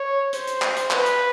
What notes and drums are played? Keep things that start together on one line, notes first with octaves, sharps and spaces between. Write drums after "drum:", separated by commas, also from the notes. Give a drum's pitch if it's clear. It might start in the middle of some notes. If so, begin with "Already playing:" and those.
Already playing: C#5
C5, drum: hi-hat
drum: hi-hat
drum: clap
drum: hi-hat
B4, drum: clap
drum: hi-hat